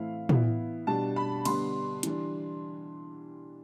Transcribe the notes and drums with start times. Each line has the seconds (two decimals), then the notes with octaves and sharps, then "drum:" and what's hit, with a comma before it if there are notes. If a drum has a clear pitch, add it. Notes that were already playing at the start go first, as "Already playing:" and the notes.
Already playing: A2 E3 A3 C4 E4 F5
0.29 E3 B3 E4, drum: tom
0.87 B2 G3 D4 A5
1.16 B5
1.45 D3 G3 B3 D4 C6, drum: cymbal
2.03 E3 G3 D4, drum: hi-hat